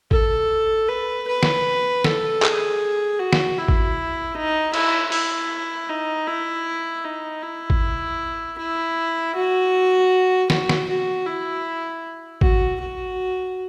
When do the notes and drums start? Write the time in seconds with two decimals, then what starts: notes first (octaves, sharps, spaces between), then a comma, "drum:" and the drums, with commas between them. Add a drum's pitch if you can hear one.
0.11 A4, drum: kick G#1
0.89 B4
1.28 B4
1.43 drum: snare
2.04 A4, drum: snare
2.43 G#4, drum: clap
3.19 F#4
3.33 drum: snare
3.58 E4
3.68 drum: kick G#1
4.35 D#4
4.74 E4, drum: cymbal
5.12 E4, drum: open hi-hat
5.89 D#4
6.27 E4
7.04 D#4
7.42 E4
7.70 drum: kick G#1
8.58 E4
9.35 F#4
10.50 F#4, drum: snare
10.69 drum: snare
10.88 F#4
11.26 E4
12.41 F#4, drum: kick G#1
12.80 F#4